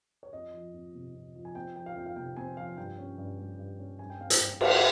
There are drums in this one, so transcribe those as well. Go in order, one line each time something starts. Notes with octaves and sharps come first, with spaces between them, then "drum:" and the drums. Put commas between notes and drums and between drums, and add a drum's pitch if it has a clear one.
C#5
F2 D#5
F3
F2
C3
F2
F3
G#5
C4 G5
F3 G5
F5
F2 G5
F5
C3 G5
C4 G#5
F3 F5
G2 G5
C#4
G2
G3
G2
C#4
G2 G#5
G5
C4 F5
G5, drum: hi-hat
G2
G3, drum: cymbal